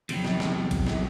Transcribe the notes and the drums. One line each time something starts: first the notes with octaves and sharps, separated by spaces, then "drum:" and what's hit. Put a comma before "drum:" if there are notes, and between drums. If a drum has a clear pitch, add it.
E2 C3 E3 F#3 G3, drum: cymbal
drum: snare
drum: snare
drum: kick, cymbal
drum: snare